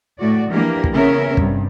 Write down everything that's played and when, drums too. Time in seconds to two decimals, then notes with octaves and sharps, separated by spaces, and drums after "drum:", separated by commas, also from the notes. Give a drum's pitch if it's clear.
0.19 A2 F#4 D5
0.50 E3 F3 A#3 D4 G4 A#4
0.84 drum: kick
0.93 C#3 B3 C#4 A#4 E5
1.37 G2 C3, drum: kick